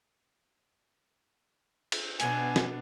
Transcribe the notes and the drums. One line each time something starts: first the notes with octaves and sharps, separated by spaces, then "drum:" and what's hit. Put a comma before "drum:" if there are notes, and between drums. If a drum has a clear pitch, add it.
drum: cymbal
B2 B3 D4 G#5, drum: hi-hat
drum: snare